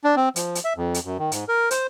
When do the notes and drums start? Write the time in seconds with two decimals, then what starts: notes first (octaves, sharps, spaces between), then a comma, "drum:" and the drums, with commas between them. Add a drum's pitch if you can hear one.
0.04 D4
0.16 C4
0.36 F3, drum: hi-hat
0.55 drum: hi-hat
0.65 E5
0.76 F2
0.94 drum: hi-hat
1.05 F#2
1.19 D#3
1.32 G#2, drum: hi-hat
1.48 A#4
1.71 C5, drum: hi-hat